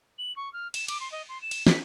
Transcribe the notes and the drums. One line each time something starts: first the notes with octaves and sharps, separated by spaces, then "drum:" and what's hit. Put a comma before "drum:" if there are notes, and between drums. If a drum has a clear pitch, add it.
F#7
C#6
F6
E7, drum: cymbal
D6, drum: cymbal
C6
D#5
C6
E7
drum: cymbal
B6, drum: snare